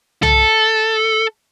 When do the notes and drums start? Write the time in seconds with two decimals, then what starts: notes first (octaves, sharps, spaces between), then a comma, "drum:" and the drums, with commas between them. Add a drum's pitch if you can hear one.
0.23 A4, drum: tom C2